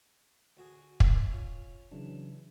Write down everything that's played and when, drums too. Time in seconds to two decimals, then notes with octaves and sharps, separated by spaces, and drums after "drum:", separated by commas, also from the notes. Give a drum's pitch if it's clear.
0.57 D2 F#4 G#4
1.00 drum: kick
1.32 C#4 F4
1.92 C#3 E3 F#3 D4